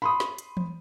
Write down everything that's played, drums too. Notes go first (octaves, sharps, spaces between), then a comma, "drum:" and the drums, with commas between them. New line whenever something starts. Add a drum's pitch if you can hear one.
B5 C6 D#6
drum: snare
drum: hi-hat
drum: tom E3